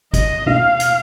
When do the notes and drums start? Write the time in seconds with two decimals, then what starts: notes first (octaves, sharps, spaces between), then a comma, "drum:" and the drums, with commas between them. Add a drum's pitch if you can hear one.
0.14 D#5, drum: kick G#1, hi-hat
0.46 F5, drum: tom
0.80 drum: hi-hat